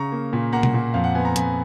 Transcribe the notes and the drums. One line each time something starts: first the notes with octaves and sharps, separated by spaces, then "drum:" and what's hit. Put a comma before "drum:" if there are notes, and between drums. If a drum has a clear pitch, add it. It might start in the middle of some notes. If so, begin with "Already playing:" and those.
Already playing: C#3 A#5 C#6
A#3
A#2
A#3 F#5 A#5
drum: tom B2
A#2
F2 F5
F#5
B3 G#5
A#5
F2 G#5 B5, drum: hi-hat